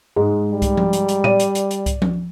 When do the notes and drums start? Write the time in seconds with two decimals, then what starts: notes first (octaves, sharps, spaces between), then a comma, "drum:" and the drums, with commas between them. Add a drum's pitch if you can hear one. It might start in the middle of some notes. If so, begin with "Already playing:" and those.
0.16 G#2 G#3
0.52 G3
0.62 drum: kick C2, hi-hat
0.77 drum: tom F3
0.93 drum: hi-hat
1.09 drum: hi-hat
1.24 D5 D#7, drum: tom A2
1.40 drum: hi-hat
1.55 drum: hi-hat
1.71 drum: hi-hat
1.86 drum: kick C2, hi-hat
2.02 drum: tom F3